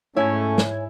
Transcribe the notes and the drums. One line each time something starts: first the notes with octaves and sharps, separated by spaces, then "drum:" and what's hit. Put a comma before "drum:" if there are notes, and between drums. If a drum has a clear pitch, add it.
G#2 A3 C#4 E4 C#5 G#5 G#6
drum: snare